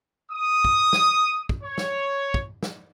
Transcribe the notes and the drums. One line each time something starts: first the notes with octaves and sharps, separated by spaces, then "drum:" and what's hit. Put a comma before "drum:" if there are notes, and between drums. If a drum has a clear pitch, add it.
D#6
drum: kick
drum: snare
drum: kick
C#5
drum: snare
drum: kick
drum: snare